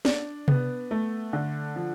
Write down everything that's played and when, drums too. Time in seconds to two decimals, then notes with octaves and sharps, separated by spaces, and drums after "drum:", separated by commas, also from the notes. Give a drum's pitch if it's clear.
0.05 D4, drum: snare
0.48 B3, drum: tom C3
0.91 A3
1.33 D3
1.76 F3